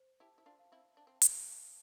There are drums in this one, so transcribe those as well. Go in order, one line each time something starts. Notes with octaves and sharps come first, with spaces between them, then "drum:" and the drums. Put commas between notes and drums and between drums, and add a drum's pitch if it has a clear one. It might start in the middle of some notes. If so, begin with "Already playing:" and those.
Already playing: C5
E4 G4 A5
E4
D4 F4
F5
C4 E4
D4 A5
C4
drum: hi-hat